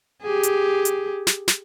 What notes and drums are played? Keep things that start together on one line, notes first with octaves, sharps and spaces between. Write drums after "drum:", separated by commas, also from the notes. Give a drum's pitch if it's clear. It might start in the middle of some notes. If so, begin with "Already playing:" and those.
G4 G#4
drum: hi-hat
drum: hi-hat
drum: snare
drum: snare